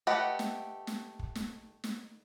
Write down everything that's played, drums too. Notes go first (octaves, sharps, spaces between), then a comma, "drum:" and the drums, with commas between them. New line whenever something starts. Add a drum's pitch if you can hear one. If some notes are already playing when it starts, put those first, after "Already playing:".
A3 G4 B4 D#5 F#5
drum: snare
drum: snare
drum: kick
drum: snare
drum: snare